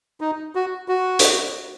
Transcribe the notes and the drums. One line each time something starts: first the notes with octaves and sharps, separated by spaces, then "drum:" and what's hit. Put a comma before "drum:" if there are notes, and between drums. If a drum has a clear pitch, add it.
D#4
F#4
F#4
drum: hi-hat